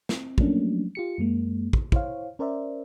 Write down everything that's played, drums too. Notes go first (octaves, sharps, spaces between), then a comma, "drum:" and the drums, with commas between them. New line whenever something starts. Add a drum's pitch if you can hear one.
C4, drum: snare
F3 F#3 A3 A#3 C#4 D4, drum: kick
F4 G4 C#7
F#2 G#3 A#3
drum: kick
E4 C5 C#5 F5, drum: kick
C#4 A#4 C5 D5 E5